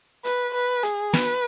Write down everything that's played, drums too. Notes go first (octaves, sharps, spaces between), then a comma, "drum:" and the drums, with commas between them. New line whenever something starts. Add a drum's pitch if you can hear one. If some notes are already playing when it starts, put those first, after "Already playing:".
B4, drum: hi-hat
B4
G#4, drum: hi-hat
B4, drum: snare